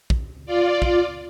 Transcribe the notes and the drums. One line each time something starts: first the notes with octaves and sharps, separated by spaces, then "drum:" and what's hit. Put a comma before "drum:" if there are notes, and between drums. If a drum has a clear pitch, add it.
drum: kick
F4 D5
drum: kick